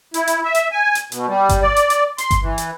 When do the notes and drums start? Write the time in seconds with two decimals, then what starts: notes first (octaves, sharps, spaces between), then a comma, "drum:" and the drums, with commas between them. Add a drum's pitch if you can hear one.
0.14 E4, drum: hi-hat
0.27 drum: hi-hat
0.44 E5
0.55 drum: hi-hat
0.72 G#5
0.95 drum: hi-hat
1.12 B2, drum: hi-hat
1.28 G3
1.49 drum: kick G1, hi-hat
1.62 D5
1.76 drum: hi-hat
1.90 drum: hi-hat
2.18 C6, drum: hi-hat
2.31 drum: kick G1, hi-hat
2.42 E3
2.58 drum: hi-hat